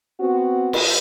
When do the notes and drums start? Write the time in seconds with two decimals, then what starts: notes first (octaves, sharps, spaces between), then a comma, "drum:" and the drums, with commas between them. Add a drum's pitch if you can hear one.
0.20 B3 C4 F#4
0.73 drum: cymbal